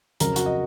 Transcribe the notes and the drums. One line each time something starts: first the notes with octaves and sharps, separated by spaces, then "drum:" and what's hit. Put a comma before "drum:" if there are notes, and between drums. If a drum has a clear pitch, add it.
F2 C#3 F#3 A#4 A#5, drum: hi-hat
F#4 F#5, drum: hi-hat
D#5